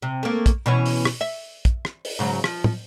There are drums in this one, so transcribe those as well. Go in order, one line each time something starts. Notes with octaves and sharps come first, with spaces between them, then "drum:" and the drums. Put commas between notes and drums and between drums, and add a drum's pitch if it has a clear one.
C3
A3 A#3
drum: kick, hi-hat
B2 E3 C#4
drum: open hi-hat
drum: rim click
E5
drum: kick, hi-hat
drum: rim click
drum: open hi-hat
G#2 C#3 F#3
F3, drum: rim click
drum: tom